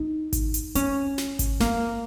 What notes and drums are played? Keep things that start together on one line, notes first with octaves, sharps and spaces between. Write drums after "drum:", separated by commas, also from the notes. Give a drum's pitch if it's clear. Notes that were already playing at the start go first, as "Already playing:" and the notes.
Already playing: D#4
drum: kick G#1, hi-hat
drum: hi-hat
C#4, drum: hi-hat
drum: snare
drum: kick G#1, hi-hat
A#3, drum: snare